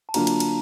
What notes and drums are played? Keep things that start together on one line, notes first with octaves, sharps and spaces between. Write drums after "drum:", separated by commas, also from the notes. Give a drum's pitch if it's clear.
A5
D3 F#3 A#3 D4 F4 A#5, drum: cymbal
drum: cymbal
drum: cymbal